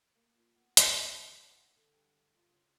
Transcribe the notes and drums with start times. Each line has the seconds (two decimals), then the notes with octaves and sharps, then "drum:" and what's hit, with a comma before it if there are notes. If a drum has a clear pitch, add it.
0.15 A#3
0.35 A#2
0.56 B3
0.77 G#2, drum: hi-hat
1.07 C5
1.35 F#4
1.76 D3
1.93 G2
2.34 F4
2.49 C#3